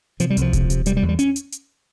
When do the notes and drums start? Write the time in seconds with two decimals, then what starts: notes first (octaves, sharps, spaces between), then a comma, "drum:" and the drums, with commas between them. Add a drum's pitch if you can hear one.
0.20 C3 F3, drum: hi-hat
0.30 G3
0.37 C2 F3, drum: hi-hat
0.53 C3, drum: kick D#1, hi-hat
0.70 C3, drum: hi-hat
0.86 C3 G3, drum: hi-hat
0.97 G3
1.02 E2
1.09 G3
1.19 C#4, drum: hi-hat
1.36 drum: hi-hat
1.52 drum: hi-hat